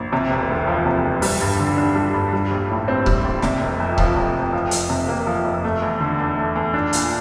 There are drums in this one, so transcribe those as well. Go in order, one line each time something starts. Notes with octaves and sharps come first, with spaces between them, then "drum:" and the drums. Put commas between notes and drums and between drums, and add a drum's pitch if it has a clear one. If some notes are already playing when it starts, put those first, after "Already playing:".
Already playing: A#1
C3
E1
D2
F3
C3
E1
G3, drum: open hi-hat
G2
D3
D4
G3
G2
G3
A#1
A2
C4
G3, drum: kick C#1
A#1
C3, drum: snare
F1
F2
F3, drum: kick C#1
C3
F1
F3
F2, drum: hi-hat
C3
A#3
F3
F2
A3
E2
D3
E2
A3
E2
D4
A#2, drum: hi-hat